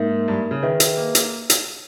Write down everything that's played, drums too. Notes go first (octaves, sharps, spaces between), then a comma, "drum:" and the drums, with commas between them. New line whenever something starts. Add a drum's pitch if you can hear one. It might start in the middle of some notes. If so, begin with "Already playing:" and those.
Already playing: G#2 A#3 D#4 A#4 E5
G2
C#3
D#3 G#4 B4 E5
drum: hi-hat
A#3
drum: hi-hat
drum: hi-hat